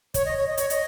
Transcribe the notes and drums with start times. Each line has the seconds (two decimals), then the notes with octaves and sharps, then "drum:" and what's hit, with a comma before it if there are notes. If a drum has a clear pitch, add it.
0.14 C#5, drum: kick, hi-hat
0.25 D#5
0.37 C#5
0.47 D#5
0.57 C#5, drum: hi-hat
0.70 D#5, drum: hi-hat